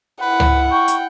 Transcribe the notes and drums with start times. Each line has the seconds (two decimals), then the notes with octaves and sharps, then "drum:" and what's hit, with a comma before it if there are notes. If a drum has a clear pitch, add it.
0.21 E4 B4 F#5
0.40 drum: tom C#2
0.72 G5 C#6
0.88 drum: hi-hat